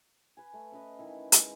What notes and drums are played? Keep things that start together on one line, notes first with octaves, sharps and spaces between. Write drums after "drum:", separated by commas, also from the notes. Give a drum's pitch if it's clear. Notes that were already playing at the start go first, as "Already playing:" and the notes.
B4 G#5
A3
C#4 B4 D#5
D#3 E3 E4
G#3, drum: hi-hat